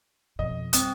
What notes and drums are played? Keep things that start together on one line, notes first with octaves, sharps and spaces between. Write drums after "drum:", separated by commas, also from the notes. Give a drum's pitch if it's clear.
F2 B2 D#5
G3 C4 D#6, drum: hi-hat